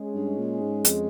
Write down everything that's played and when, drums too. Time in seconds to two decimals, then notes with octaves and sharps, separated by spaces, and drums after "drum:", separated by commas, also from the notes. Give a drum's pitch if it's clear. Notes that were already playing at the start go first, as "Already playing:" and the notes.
Already playing: G#3 C#4 G#4
0.14 G2
0.38 A#2
0.61 G#2
0.85 F2, drum: hi-hat